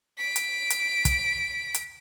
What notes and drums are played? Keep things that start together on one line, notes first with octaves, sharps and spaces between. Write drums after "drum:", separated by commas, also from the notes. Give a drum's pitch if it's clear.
B6 D7
drum: hi-hat
drum: hi-hat
drum: kick, hi-hat
drum: hi-hat